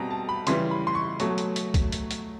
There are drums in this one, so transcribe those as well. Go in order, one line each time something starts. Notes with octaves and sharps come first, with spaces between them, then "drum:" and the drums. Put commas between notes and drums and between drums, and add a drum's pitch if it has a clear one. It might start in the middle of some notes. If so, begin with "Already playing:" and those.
Already playing: B2 G3 C4 A#5
A5
B5
C#3 E3 G3 C6, drum: hi-hat
B5
C6
C#6
B2 F#3 A3 C#6, drum: hi-hat
drum: hi-hat
drum: hi-hat
drum: kick, hi-hat
drum: hi-hat
drum: hi-hat